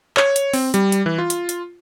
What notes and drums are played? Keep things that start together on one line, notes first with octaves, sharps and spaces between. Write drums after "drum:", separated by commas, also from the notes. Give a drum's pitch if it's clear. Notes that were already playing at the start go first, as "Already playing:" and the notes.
C#5, drum: clap
drum: hi-hat
C4, drum: open hi-hat
G3, drum: hi-hat
drum: hi-hat
E3
F4
drum: hi-hat
drum: hi-hat